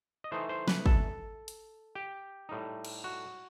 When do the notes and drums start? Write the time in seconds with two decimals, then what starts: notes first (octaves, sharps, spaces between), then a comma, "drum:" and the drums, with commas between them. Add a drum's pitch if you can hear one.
0.24 D#5
0.32 E3 A3 D#4 C5
0.49 C5
0.68 B4, drum: snare
0.86 A4, drum: kick G#1
1.48 drum: hi-hat
1.95 G4
2.49 A2 G3 D#4
2.85 drum: cymbal
3.04 F#4